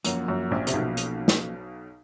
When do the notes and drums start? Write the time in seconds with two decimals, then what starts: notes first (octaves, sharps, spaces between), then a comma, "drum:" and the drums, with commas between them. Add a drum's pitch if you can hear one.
0.04 F#2 F3 A#3 C#4 F#4, drum: hi-hat
0.28 F#2
0.51 A#1 A#2
0.67 C3, drum: hi-hat
0.73 B1 B2
0.97 drum: hi-hat
1.28 drum: snare